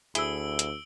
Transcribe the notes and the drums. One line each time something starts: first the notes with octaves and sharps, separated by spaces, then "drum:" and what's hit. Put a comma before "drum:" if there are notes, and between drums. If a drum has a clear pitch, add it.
D2 E4 G#4 E6 D7 G7, drum: hi-hat
drum: hi-hat